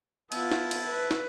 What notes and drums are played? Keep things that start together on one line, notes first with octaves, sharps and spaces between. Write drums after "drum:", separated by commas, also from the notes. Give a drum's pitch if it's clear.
B3 E4 F4 A5 E6, drum: cymbal
drum: snare
drum: cymbal
B4
drum: snare